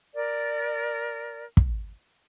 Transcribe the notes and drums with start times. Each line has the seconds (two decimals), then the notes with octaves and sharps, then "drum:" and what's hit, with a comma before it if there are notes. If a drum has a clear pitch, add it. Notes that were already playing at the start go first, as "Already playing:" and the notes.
0.14 A#4 D5
1.57 drum: kick